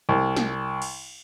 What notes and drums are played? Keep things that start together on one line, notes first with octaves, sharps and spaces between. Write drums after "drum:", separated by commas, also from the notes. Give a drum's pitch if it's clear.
C2
drum: snare
drum: cymbal